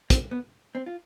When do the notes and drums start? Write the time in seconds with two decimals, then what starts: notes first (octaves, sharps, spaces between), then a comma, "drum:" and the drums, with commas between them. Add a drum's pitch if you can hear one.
0.10 C4, drum: kick, hi-hat
0.31 B3
0.75 C4
0.86 F4